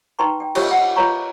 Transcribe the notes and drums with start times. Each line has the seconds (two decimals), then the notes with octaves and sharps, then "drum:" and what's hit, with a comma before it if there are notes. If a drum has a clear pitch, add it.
0.19 D#4 B4 G5 A#5 C6 C#6
0.40 G5
0.55 F4 G4 C5 C#5 C#6 E6, drum: cymbal
0.71 F#5
0.96 F4 B4 C#5 F5 A#5 C#6